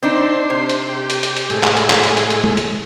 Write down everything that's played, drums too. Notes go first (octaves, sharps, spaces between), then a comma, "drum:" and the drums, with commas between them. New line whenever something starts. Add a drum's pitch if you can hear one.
C4 D4 D#4 C5
C3
drum: hi-hat
G4
drum: hi-hat
drum: hi-hat
drum: hi-hat
A2 G#3, drum: hi-hat
drum: clap
drum: hi-hat
drum: clap
drum: hi-hat
drum: hi-hat
drum: hi-hat
drum: tom G#3
drum: hi-hat